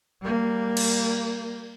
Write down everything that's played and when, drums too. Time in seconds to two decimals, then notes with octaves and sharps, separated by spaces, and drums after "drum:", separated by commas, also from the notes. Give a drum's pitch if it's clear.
0.21 G3 A#3
0.77 drum: cymbal